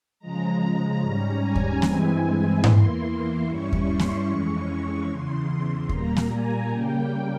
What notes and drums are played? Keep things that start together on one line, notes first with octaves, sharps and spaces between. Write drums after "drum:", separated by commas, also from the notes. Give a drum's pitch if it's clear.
C#3 F3 G#3 A#5
G#2 G3 C#4 A#5
G#5
drum: kick D#2
G2 E3 G#3 C4 E4, drum: snare A#3
E2 E3 A#3 E4 C6, drum: tom G#2
G2 G3 C#4 E4 C#6
drum: kick D#2
C6
drum: snare A#3
F2 E3 G#3 C#4 C#6
E2 C#3 E3 C6
A#2 G3 A#3 A#5, drum: kick D#2
drum: snare A#3
G#5
C#3 G3 A#3 G5